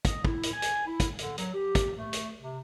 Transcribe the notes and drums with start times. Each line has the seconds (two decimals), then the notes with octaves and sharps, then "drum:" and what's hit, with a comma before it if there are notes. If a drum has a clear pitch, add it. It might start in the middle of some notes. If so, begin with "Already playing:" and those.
0.05 D#5, drum: kick, hi-hat
0.25 E4, drum: kick
0.43 drum: hi-hat
0.53 G#5
0.62 drum: hi-hat
0.87 E4
1.00 drum: kick, hi-hat
1.19 D3, drum: hi-hat
1.38 F#3, drum: hi-hat
1.53 G4
1.75 drum: kick, hi-hat
1.99 A3
2.13 drum: hi-hat
2.40 C3